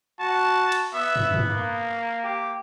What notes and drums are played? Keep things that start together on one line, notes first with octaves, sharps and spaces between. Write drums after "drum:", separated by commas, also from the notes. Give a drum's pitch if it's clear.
F#4 A5
drum: cymbal
B3 E5
drum: tom
drum: tom
A#3
G4